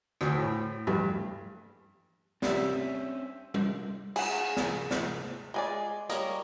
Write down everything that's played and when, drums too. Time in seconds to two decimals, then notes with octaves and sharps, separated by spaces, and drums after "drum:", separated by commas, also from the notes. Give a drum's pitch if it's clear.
0.21 D2, drum: rim click
0.37 A2
0.87 G2, drum: tom
2.42 G3 C4 C#4 C5 E5, drum: snare
3.54 drum: tom G3
4.16 G#4 F#5, drum: cymbal
4.57 drum: snare
4.91 drum: snare
5.54 G#3 G#4 D5
6.09 G3 A#3 A#4 C#5 D#5, drum: hi-hat